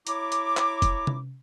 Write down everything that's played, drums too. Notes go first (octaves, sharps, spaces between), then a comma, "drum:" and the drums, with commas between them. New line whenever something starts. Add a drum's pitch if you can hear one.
E4 C#5 A#5 D6, drum: hi-hat
drum: hi-hat
drum: clap
drum: kick, hi-hat
drum: tom C3